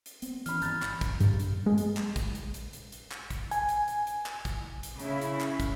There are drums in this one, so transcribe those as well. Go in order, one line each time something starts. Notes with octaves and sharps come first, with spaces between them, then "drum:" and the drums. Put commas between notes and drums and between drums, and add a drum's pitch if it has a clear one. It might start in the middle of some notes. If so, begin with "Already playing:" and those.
drum: hi-hat
B3 C4, drum: hi-hat
E3 C#4 B5 F6, drum: hi-hat
G1 C#3 E3 A#5 G6 A6, drum: hi-hat
drum: clap
drum: kick, hi-hat
G2, drum: hi-hat
drum: hi-hat
G#3
drum: hi-hat
drum: clap
drum: kick, hi-hat
drum: hi-hat
drum: hi-hat
drum: hi-hat
drum: hi-hat
drum: clap
drum: kick, hi-hat
G#5, drum: hi-hat
drum: hi-hat
drum: hi-hat
drum: hi-hat
drum: clap
drum: kick, hi-hat
drum: hi-hat
C#3 E4, drum: hi-hat
drum: hi-hat
drum: clap
drum: kick, hi-hat